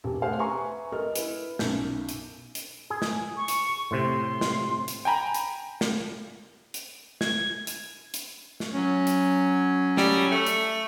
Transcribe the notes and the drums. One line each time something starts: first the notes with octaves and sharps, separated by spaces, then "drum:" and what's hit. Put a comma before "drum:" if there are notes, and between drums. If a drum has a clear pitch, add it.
E1 G4
A3 G4 G#4 C5 F5 F#5
B4 E5 G#5 A#5 C#6
A4 A#4 D#5 F6
E4 B4, drum: hi-hat
B1 F#2 G6, drum: snare
drum: hi-hat
drum: hi-hat
G#4
drum: snare
C#6
drum: hi-hat
A2 C3 C6
drum: snare
drum: hi-hat
G5 G#5 A#5 B5
drum: hi-hat
drum: snare
drum: hi-hat
G#6, drum: snare
drum: hi-hat
drum: hi-hat
drum: snare
F#3 C#4
drum: hi-hat
G3, drum: snare
A3
drum: hi-hat